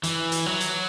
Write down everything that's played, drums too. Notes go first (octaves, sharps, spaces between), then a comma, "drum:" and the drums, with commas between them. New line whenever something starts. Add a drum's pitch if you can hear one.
E3, drum: hi-hat
drum: hi-hat
F#3
drum: hi-hat